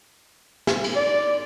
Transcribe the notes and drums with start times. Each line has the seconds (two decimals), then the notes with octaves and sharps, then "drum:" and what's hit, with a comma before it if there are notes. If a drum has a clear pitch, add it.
0.67 drum: snare
0.84 drum: cymbal
0.96 D5